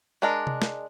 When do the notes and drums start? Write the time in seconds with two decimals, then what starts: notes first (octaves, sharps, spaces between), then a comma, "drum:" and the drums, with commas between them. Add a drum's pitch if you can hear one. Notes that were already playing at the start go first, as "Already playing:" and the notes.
0.22 G#3 D4 A#4
0.47 drum: tom C3
0.62 drum: snare